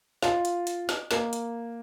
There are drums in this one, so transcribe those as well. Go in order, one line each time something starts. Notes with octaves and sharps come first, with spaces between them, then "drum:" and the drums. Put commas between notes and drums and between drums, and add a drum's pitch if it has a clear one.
F4, drum: snare
drum: hi-hat
drum: hi-hat
drum: snare
A#3, drum: snare
drum: hi-hat